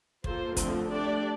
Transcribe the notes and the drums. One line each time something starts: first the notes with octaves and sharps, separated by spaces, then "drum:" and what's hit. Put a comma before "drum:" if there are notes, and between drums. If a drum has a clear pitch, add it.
A#3 F4 A4 C5, drum: kick
D3 F3 A3 C4, drum: kick, hi-hat
A3 D4 G4 D5